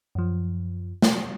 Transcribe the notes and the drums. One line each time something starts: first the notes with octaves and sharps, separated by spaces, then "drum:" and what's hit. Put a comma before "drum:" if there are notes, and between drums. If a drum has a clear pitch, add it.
F#2 F3
drum: snare